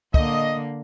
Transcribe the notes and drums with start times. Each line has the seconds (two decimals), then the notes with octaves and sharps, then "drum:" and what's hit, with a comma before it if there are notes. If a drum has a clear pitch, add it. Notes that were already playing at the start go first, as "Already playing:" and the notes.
0.14 D3 A#3 D#5, drum: kick